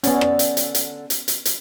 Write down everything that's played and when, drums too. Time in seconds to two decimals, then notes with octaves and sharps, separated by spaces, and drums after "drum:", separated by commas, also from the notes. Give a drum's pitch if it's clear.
0.04 D3 B3 C#4 A4, drum: hi-hat
0.21 drum: rim click
0.39 drum: hi-hat
0.57 drum: hi-hat
0.75 drum: hi-hat
1.10 drum: hi-hat
1.28 drum: hi-hat
1.45 drum: hi-hat